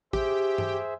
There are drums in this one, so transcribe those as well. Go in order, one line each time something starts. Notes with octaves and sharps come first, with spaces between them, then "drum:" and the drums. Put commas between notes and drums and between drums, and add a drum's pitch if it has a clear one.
G4 G#4 C5 E5, drum: kick
drum: tom G2